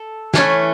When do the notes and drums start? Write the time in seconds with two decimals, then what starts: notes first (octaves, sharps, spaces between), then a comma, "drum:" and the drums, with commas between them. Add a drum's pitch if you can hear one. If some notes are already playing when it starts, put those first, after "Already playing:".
Already playing: A4
0.34 E3 A3 C#4, drum: snare